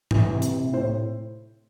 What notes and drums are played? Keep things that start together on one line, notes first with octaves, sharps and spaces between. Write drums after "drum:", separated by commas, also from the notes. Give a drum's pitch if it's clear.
E3, drum: tom G#2
C3
drum: hi-hat
C3
A2 C5